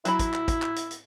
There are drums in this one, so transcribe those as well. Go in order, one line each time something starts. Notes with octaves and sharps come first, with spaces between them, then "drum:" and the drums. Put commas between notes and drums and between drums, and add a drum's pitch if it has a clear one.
F#3 E4 A5 B5, drum: hi-hat
drum: kick, hi-hat
drum: clap
drum: kick, hi-hat
drum: clap
drum: hi-hat
drum: hi-hat